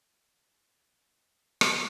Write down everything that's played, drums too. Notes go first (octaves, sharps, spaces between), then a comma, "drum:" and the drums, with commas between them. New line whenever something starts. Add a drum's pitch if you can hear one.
G6
G6
E6
C#6
C#6
drum: rim click